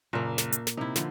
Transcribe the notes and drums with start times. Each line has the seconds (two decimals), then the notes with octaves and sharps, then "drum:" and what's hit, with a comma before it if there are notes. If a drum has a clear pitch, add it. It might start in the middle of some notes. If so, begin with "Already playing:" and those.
0.13 F#1 A#2 A#3
0.38 drum: snare
0.52 drum: hi-hat
0.67 drum: snare
0.77 C3 D#4 E4
0.96 D3 F3, drum: snare